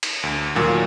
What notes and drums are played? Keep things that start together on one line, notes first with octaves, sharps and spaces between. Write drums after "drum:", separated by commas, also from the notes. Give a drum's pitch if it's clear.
drum: cymbal
D2
D#2 A#2 F#3 A#3